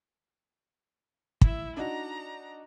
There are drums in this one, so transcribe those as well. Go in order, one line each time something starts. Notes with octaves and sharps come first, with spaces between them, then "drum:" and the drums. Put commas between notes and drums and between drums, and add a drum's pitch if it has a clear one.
E4 E5, drum: kick
D4 D#4 F#4 A#5